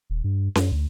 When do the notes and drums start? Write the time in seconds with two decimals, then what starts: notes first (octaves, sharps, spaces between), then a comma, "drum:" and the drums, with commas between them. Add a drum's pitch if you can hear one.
0.10 D#1
0.24 G2
0.55 F#2, drum: snare C#4
0.72 D2